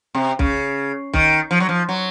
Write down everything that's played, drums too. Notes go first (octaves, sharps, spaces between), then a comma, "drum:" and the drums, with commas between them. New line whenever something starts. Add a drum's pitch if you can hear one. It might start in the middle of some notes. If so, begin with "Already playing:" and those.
C3
C#3, drum: kick B1
D#3, drum: kick B1
F3
F#3
F3
F#3